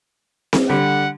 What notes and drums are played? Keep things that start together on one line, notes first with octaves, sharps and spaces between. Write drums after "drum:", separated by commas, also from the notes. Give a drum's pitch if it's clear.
drum: snare C4
D3 G3 F#5